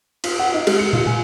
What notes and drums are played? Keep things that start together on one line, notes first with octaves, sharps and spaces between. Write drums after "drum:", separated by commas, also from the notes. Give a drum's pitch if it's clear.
F4, drum: cymbal
F#5
D#4
G#3, drum: cymbal
C#7
F4, drum: tom A#2
G#5